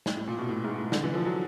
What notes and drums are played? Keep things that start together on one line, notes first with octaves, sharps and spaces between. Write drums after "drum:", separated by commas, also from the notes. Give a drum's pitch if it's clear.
A2, drum: snare
A2
A#2
B2
A2
G#2
A2
D3, drum: snare
E3
F3
F#3